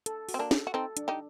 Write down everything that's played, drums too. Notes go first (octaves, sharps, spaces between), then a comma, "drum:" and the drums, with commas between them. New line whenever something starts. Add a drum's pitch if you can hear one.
A4, drum: hi-hat
F#4, drum: open hi-hat
C4
A#3 D4
A4, drum: snare
F#4
C4 D#4 A4
D4, drum: hi-hat
D#4 G4